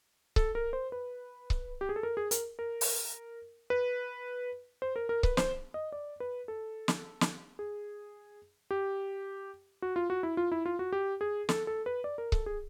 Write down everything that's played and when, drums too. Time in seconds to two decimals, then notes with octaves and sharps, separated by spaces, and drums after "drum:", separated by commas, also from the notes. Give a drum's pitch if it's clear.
0.36 A4, drum: kick C#1
0.55 A#4
0.73 C5
0.92 B4
1.50 drum: kick C#1
1.81 G4
1.89 G#4
1.96 A4
2.03 A#4
2.17 G#4
2.31 A#4, drum: hi-hat
2.59 A#4
2.81 drum: open hi-hat
3.70 B4
4.82 C5
4.96 A#4
5.09 A#4
5.23 B4, drum: kick C#1
5.37 C5, drum: snare
5.74 D#5
5.92 D5
6.20 B4
6.48 A4
6.88 drum: snare
7.21 drum: snare
7.59 G#4
8.71 G4
9.82 F#4
9.96 F4
10.10 F#4
10.23 E4
10.37 F4
10.52 E4
10.66 F4
10.79 F#4
10.92 G4
11.21 G#4
11.49 A4, drum: snare
11.67 A4
11.86 B4
12.04 D5
12.18 A#4
12.32 A4, drum: kick C#1
12.46 G#4